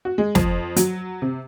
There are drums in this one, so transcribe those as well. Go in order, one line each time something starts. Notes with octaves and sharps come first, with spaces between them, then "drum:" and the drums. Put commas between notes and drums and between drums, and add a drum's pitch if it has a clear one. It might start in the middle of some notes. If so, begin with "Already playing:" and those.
F#4
G#3
F2, drum: snare
F#3, drum: hi-hat
C3